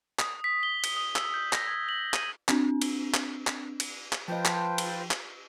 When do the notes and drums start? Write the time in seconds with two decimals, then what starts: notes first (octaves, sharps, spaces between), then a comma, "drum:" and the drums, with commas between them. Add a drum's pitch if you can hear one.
0.19 D#6, drum: clap
0.44 B6
0.63 G7
0.84 G7, drum: cymbal
0.97 D#6
1.16 E6, drum: clap
1.34 G6
1.53 A#6, drum: clap
1.67 G#6
1.89 F#7
2.14 D#7, drum: clap
2.49 C4 D4, drum: clap
2.82 drum: cymbal
3.14 drum: clap
3.47 drum: clap
3.80 drum: cymbal
4.13 drum: clap
4.28 F3 F4 B4 C5 D#5 G5 A5
4.45 drum: clap
4.78 drum: cymbal
5.11 drum: clap